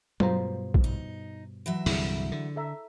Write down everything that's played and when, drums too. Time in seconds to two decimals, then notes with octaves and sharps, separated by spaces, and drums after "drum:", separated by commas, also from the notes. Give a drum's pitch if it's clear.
0.20 G2 B2 F4 C5 A#5, drum: tom F#3
0.74 drum: kick
0.84 D#4
1.66 E3 F#3 E5
1.86 C2 G2 D3 E4 G#4, drum: open hi-hat
2.32 D3
2.56 A4 E5 A#5